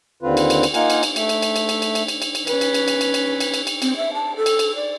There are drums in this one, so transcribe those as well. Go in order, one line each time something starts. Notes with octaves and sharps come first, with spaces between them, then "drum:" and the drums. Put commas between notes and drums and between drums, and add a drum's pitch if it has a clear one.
D#2 D3 C4 F4 B4
drum: cymbal
drum: cymbal
drum: cymbal
A#3 D#4 F4 A#4 F#5 G#5, drum: cymbal
drum: cymbal
drum: cymbal
A3 E5, drum: cymbal
drum: cymbal
drum: cymbal
drum: cymbal
drum: cymbal
drum: cymbal
drum: cymbal
drum: cymbal
drum: cymbal
drum: cymbal
C#4 B4, drum: cymbal
drum: cymbal
drum: cymbal
drum: cymbal
drum: cymbal
drum: cymbal
drum: cymbal
drum: cymbal
drum: cymbal
C4, drum: cymbal
E5
A5
A4
drum: cymbal
drum: cymbal
D5